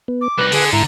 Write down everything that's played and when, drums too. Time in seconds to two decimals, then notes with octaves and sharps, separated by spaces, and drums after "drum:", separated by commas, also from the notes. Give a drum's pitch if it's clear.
0.08 B3
0.21 D6
0.38 C2 D#4 B4 F#6
0.52 D3 G#4, drum: open hi-hat
0.73 G#2 E4 A#5